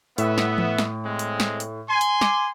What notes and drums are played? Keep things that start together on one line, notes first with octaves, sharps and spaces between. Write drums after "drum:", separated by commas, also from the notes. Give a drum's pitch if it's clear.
A2 B3 E5, drum: hi-hat
drum: snare
drum: tom E3
drum: snare
G#3 C4
drum: hi-hat
drum: snare
drum: hi-hat
G#5 C6
drum: hi-hat
D6, drum: snare